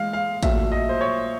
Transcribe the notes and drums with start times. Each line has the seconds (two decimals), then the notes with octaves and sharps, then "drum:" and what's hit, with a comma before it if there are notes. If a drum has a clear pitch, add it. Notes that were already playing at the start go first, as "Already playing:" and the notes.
Already playing: E3 G#3 F5
0.13 F5
0.43 A#2 F#3 A3 E5, drum: kick A1, hi-hat
0.72 D#5
0.89 C5
1.01 C#5